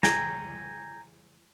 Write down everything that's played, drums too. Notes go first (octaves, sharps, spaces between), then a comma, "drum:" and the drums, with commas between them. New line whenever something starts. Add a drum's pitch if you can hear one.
G5 G#5 A#5, drum: snare